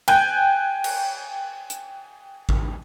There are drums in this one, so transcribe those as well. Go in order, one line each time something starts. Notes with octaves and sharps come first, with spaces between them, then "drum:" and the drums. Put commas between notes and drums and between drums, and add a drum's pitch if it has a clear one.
G5 G#5 F#6 G6, drum: cymbal
drum: cymbal
drum: hi-hat
drum: kick A1